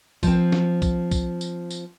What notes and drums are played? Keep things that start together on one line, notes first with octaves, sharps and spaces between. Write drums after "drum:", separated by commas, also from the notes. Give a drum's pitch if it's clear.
F3 C4, drum: kick, tambourine
drum: snare
drum: kick, tambourine
drum: kick, tambourine
drum: tambourine
drum: tambourine